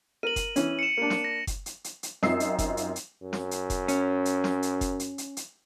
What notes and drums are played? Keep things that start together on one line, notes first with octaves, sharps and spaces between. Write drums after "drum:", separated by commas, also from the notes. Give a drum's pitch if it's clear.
A#4 D#7 F#7
drum: kick F#1, hi-hat
E3 C#4, drum: hi-hat
C#7 E7
A#3 D4
drum: snare
A#6
drum: kick F#1, hi-hat
drum: hi-hat
drum: hi-hat
drum: hi-hat
F#2 C4 D#4 F4 E6 C7, drum: snare
drum: hi-hat
drum: kick F#1, hi-hat
drum: hi-hat
drum: hi-hat
F#2
drum: snare
drum: hi-hat
drum: kick F#1, hi-hat
C#4, drum: hi-hat
drum: hi-hat
drum: snare
drum: hi-hat
drum: kick F#1, hi-hat
drum: hi-hat
drum: hi-hat
drum: hi-hat